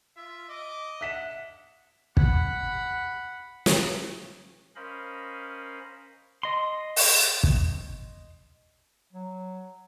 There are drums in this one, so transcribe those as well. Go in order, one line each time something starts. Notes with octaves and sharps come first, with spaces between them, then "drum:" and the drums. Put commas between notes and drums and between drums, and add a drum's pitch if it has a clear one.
F4 E5
D#5 D6
E5 F#5 B6 E7
F#5 B5, drum: kick
drum: snare
C#4 A#4 C5 D#5 F5 B5
D#5 C6
drum: open hi-hat
drum: kick
F#3